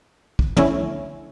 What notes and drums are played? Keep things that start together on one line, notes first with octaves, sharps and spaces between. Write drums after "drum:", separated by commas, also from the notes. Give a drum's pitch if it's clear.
drum: kick
D3 A3 C#4 E4, drum: tom